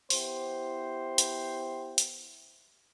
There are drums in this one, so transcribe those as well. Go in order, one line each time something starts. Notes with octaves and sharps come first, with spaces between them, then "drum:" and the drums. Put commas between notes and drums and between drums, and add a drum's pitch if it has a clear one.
B3 E4 G4 C5, drum: open hi-hat
drum: hi-hat
drum: hi-hat